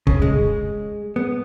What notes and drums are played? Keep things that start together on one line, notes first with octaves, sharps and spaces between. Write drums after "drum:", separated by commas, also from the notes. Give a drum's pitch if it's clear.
C#3, drum: kick
G#3
B3